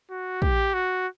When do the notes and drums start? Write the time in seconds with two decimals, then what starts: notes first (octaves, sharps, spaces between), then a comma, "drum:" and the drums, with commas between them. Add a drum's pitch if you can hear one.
0.10 F#4
0.42 G4, drum: kick
0.74 F#4